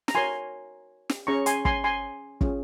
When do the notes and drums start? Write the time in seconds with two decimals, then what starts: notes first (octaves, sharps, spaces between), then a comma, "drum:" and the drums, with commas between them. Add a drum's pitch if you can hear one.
0.08 A#5, drum: snare
0.15 F#4 A#4 C#5 G#5 C6
1.09 drum: snare
1.27 C#4 G#4 C#5 A#5 C#6
1.46 G#5 C6, drum: hi-hat
1.65 G#5 C6, drum: kick
1.84 G#5 C6
2.41 C#4 F4 G#4, drum: kick